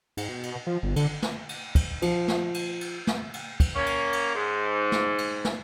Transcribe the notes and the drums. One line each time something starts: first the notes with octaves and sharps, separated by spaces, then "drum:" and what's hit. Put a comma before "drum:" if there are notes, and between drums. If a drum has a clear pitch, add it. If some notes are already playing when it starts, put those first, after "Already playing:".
G#2, drum: cymbal
B2
drum: cymbal
F3
G1
D3, drum: cymbal
drum: snare
drum: cymbal
drum: kick, cymbal
F3, drum: cymbal
drum: snare
drum: cymbal
drum: cymbal
drum: snare
drum: cymbal
drum: kick, cymbal
A#3 C#4
drum: cymbal
drum: cymbal
G#2
drum: snare
drum: cymbal
drum: snare